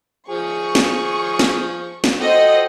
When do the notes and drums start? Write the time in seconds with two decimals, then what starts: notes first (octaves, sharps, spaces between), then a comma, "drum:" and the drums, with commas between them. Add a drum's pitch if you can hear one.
0.29 F3 G#4 C#6
0.75 drum: snare
1.39 drum: snare
2.04 drum: snare
2.20 F#4 A4 C5 D#5 G5